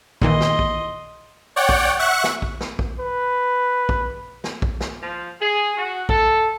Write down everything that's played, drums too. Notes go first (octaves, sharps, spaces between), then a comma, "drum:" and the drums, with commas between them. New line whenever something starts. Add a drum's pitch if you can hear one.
A#2 D#3 E3 D#5 C6, drum: kick
drum: snare
drum: kick
C#5 D5 F#5 G5
drum: kick
E5 F#5 C#6 F#6
drum: snare
drum: kick
drum: snare
drum: kick
B4
drum: kick
drum: snare
drum: kick
drum: snare
F3
G#4
F#4
A4, drum: kick